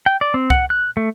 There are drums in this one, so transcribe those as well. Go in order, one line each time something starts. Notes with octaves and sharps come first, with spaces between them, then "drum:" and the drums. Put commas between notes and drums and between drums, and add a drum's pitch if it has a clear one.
G5
D5
C4
F#5, drum: kick C2
F#6
A3